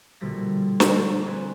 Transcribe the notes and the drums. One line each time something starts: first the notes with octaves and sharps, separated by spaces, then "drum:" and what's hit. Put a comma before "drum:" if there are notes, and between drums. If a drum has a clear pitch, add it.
A#1 B2 D3 G3 A#6 B6
C5 A#5, drum: snare
C4 D4 B4 G#5